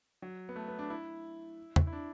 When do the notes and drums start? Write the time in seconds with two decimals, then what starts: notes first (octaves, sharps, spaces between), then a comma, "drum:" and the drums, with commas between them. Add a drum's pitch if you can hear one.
0.22 F#3
0.49 B3
0.56 A3
0.68 B3
0.79 D4
0.90 E4
1.76 drum: tom
1.87 E4
1.93 D4